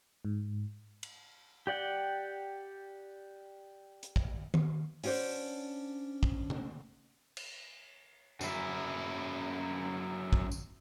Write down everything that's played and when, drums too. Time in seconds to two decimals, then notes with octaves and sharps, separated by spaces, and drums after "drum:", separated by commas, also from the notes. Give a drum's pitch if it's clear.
0.25 G#2
1.03 drum: cymbal
1.67 G4 D5 F#5 G5
4.03 drum: hi-hat
4.16 drum: kick
4.54 drum: tom
5.03 C#4 D4 F#4 C5 D5, drum: open hi-hat
6.23 drum: kick
6.50 drum: tom C#3
7.37 drum: cymbal
8.41 F#2 E4, drum: tambourine
10.33 drum: kick
10.51 drum: tambourine